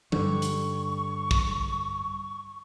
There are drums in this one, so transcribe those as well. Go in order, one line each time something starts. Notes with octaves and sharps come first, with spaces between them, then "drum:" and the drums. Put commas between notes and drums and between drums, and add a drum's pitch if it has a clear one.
G2 D3 C#6, drum: tom F3
drum: hi-hat
drum: kick